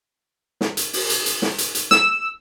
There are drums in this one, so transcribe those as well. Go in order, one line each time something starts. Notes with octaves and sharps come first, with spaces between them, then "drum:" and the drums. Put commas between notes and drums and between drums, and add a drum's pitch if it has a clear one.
drum: snare
drum: hi-hat
drum: open hi-hat
drum: hi-hat
drum: hi-hat
drum: snare
drum: hi-hat
drum: hi-hat
E6, drum: snare